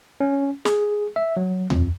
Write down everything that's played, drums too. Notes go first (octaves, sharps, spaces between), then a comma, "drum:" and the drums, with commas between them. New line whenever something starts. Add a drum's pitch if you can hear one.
C#4
G#4, drum: snare
E5
F#3
F2, drum: tom D#2